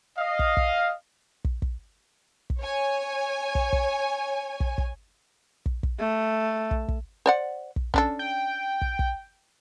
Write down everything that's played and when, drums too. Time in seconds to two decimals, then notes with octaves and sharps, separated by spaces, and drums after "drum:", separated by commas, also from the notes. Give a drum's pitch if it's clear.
0.18 D#5 F5
0.39 drum: kick
0.57 drum: kick
1.45 drum: kick
1.62 drum: kick
2.50 drum: kick
2.60 C#5 G#5
3.55 drum: kick
3.73 drum: kick
4.60 drum: kick
4.78 drum: kick
5.66 drum: kick
5.83 drum: kick
6.00 A3
6.71 drum: kick
6.88 drum: kick
7.26 C5 D5 F#5
7.76 drum: kick
7.94 C#4 D4 A4, drum: kick
8.19 G5
8.81 drum: kick
8.99 drum: kick